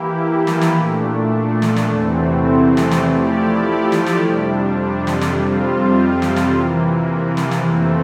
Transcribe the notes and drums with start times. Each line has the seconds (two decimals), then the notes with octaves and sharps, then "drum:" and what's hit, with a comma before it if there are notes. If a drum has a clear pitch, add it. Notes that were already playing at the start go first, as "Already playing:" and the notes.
Already playing: E3 A#3 E4 G4
0.47 drum: snare
0.61 drum: snare
0.76 A#2 A3 D4
1.62 drum: snare
1.76 drum: snare
1.91 E2 C3 E3 A3 C4
2.77 drum: snare
2.91 drum: snare
3.06 F3 A3 E4 G4 D5
3.92 drum: snare
4.06 drum: snare
4.21 F2 C3 G3 D4
5.07 drum: snare
5.21 drum: snare
5.36 F2 C3 G3 C4 F4
6.22 drum: snare
6.36 drum: snare
6.51 C3 E3 A#3
7.37 drum: snare
7.51 drum: snare
7.66 F2 E3 A3 C4